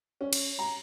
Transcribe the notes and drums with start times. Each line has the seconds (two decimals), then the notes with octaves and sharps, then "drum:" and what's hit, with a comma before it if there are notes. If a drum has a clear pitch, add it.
0.21 C#4
0.33 drum: cymbal
0.59 A#5